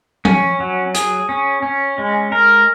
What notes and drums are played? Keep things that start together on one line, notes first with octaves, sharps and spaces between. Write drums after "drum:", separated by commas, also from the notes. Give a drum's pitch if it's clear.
C#4, drum: tom F3
F#3
G#4, drum: hi-hat
C#4
C#4
G#3
A#4